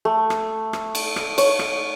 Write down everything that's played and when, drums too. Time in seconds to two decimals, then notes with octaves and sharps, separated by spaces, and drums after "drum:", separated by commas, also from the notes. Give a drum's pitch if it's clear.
0.05 A3
0.30 drum: rim click
0.73 drum: rim click
0.95 drum: cymbal
1.16 drum: rim click
1.38 C#5, drum: cymbal
1.59 drum: rim click